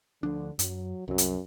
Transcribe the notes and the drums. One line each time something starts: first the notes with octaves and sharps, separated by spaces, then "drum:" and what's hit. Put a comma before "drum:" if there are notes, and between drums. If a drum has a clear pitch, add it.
D2 D3 F3 D4
F#2 F#3, drum: hi-hat
C2 F#2 F#3
drum: hi-hat